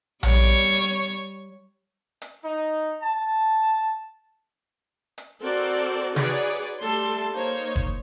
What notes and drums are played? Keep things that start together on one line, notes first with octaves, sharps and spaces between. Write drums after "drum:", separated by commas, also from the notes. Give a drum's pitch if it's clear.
G3 C#5, drum: tom A#1
drum: hi-hat
D#4
A5
drum: hi-hat
C4 F#4 A4 A#4 C5 D5
D#4 F#4 G#4 B4 C#5 D5, drum: snare
G3 A3 A4 A5 C6
A#3 D#4 C5 C#5
drum: kick